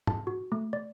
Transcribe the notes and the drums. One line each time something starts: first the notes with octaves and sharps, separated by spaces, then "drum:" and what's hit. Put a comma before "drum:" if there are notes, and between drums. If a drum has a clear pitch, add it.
A5, drum: tom
F#4
A3
D5